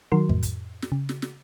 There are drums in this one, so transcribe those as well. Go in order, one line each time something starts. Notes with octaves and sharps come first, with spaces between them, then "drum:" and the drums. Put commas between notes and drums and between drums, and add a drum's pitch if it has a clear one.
D#3 F#3 F#4 A#4 C6
F2 A2, drum: kick
drum: kick, hi-hat
drum: snare
C#3
drum: snare
drum: snare